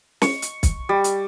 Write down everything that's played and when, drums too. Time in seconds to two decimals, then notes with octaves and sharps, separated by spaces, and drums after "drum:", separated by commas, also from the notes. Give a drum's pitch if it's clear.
0.22 C#6, drum: snare
0.42 drum: hi-hat
0.63 drum: kick, hi-hat
0.89 G3
1.04 drum: hi-hat